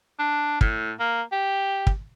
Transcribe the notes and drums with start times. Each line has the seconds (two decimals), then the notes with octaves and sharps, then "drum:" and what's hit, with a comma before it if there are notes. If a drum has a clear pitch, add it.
0.19 D4
0.61 A2, drum: kick
1.00 A#3
1.32 G4
1.87 drum: kick